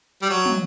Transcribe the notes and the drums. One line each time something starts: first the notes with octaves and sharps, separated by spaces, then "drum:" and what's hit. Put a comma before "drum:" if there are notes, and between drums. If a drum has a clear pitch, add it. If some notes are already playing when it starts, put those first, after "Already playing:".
G3
F#3
drum: tom